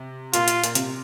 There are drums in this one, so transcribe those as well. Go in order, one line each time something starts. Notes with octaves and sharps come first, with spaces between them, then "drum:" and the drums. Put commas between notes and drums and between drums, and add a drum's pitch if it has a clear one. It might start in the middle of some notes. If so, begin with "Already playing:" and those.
Already playing: C3
A#2 F4, drum: hi-hat
drum: hi-hat
A#2, drum: hi-hat
C3, drum: hi-hat